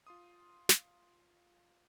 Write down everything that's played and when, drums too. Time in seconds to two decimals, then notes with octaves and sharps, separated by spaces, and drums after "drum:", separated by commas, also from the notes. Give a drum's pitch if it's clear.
0.07 F4 C6 D#6
0.69 drum: snare